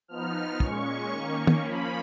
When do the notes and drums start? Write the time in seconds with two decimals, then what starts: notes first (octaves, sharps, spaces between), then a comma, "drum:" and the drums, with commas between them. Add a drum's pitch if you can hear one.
0.08 F3 B3 D#4 F6
0.60 A#2 G#3 C#4 C#6, drum: kick
1.12 D#3 A#3 C#4
1.47 drum: tom D#3
1.63 F3 A#3 C#4 B5